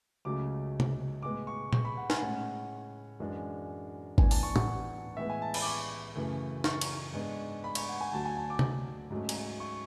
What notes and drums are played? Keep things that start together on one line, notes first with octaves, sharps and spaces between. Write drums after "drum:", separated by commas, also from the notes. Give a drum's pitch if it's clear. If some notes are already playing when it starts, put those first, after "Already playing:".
C#2 C#3 F#3 A3 D6
drum: tom
A2 G#3 B3 D6
C#6
C#6, drum: tom A#2
B5
F#5
G#5, drum: snare
A2 G#3 C#4 F#5
F#2 E3 G#3 D4
A2 E3 B3 D4 G#5, drum: kick G#1
A5, drum: open hi-hat
C#6
F#5, drum: tom A2
A2 E3 G#3 B3 E5
G#5
A5
B5, drum: cymbal
D6
C#6
F#2 C#3 E3 A3
C#6, drum: snare
drum: cymbal
G#2 G#3 B3 D4
B5
C#6, drum: cymbal
F#5
G#5
D2 D3 F#3 A5
G#5
A5
D6
drum: tom
G#2 F#3 A3 C#4
drum: cymbal
C#6